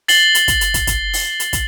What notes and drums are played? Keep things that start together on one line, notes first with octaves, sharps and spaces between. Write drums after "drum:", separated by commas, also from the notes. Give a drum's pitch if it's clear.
A6 C7 F#7 G7, drum: open hi-hat
drum: hi-hat
drum: kick, hi-hat
drum: hi-hat
drum: kick, hi-hat
drum: kick, hi-hat
drum: open hi-hat
drum: hi-hat
drum: kick, hi-hat